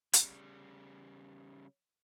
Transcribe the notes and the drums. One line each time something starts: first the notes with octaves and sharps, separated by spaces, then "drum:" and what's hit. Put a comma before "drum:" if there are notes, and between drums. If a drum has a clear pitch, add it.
C#3 G3, drum: hi-hat